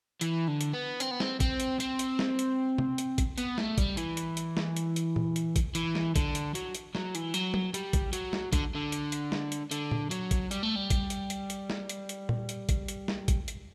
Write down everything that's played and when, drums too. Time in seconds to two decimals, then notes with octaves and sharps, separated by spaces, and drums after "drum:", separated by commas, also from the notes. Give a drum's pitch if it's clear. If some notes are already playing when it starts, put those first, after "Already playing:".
0.21 E3, drum: hi-hat
0.48 D3
0.61 drum: hi-hat
0.73 B3
1.00 C4, drum: hi-hat
1.11 B3
1.20 C4, drum: snare
1.40 C4, drum: kick, hi-hat
1.60 drum: hi-hat
1.80 C4, drum: hi-hat
1.99 drum: hi-hat
2.19 drum: snare
2.39 drum: hi-hat
2.78 drum: tom C3
2.98 drum: hi-hat
3.18 drum: kick, hi-hat
3.38 B3, drum: hi-hat
3.58 A3, drum: snare
3.78 G3, drum: kick, hi-hat
3.97 E3, drum: hi-hat
4.17 drum: hi-hat
4.37 drum: hi-hat
4.57 drum: snare
4.76 drum: hi-hat
4.96 drum: hi-hat
5.16 drum: tom A#2
5.36 drum: hi-hat
5.56 drum: kick, hi-hat
5.75 E3, drum: hi-hat
5.95 drum: snare
6.16 D3, drum: kick, hi-hat
6.35 drum: hi-hat
6.55 F#3, drum: hi-hat
6.75 drum: hi-hat
6.95 F#3, drum: snare
7.15 E3, drum: hi-hat
7.34 F#3, drum: hi-hat
7.54 drum: tom
7.74 G3, drum: hi-hat
7.93 drum: kick, hi-hat
8.13 F#3, drum: hi-hat
8.33 drum: snare
8.53 D3, drum: kick, hi-hat
8.75 D3
8.92 drum: hi-hat
9.12 drum: hi-hat
9.32 drum: snare
9.52 drum: hi-hat
9.71 D3, drum: hi-hat
9.91 drum: tom A#2
10.11 F#3, drum: hi-hat
10.31 drum: kick, hi-hat
10.51 G3, drum: hi-hat
10.63 A3
10.76 G3
10.90 drum: kick, hi-hat
11.10 drum: hi-hat
11.30 drum: hi-hat
11.50 drum: hi-hat
11.70 drum: snare
11.89 drum: hi-hat
12.09 drum: hi-hat
12.29 drum: tom A#2
12.49 drum: hi-hat
12.69 drum: kick, hi-hat
12.88 drum: hi-hat
13.08 drum: snare
13.28 drum: kick, hi-hat
13.48 drum: hi-hat